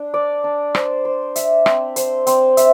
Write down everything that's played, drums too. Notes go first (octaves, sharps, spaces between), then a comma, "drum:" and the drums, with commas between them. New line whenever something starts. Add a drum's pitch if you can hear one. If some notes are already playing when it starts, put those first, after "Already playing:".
Already playing: D4
D5
D4
C5, drum: rim click
C5
E5, drum: hi-hat
C4, drum: rim click
C5, drum: hi-hat
C4, drum: hi-hat
E5, drum: hi-hat